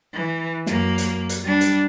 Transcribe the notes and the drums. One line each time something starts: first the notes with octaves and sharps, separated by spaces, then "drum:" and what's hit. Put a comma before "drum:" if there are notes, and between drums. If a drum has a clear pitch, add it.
E3
F#2 A#3, drum: snare
drum: hi-hat
drum: hi-hat
G3 D4
drum: hi-hat